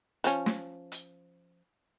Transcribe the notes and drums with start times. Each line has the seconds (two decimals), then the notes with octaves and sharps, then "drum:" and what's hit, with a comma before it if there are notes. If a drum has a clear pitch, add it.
0.24 F3 C#4, drum: hi-hat
0.46 drum: snare
0.92 drum: hi-hat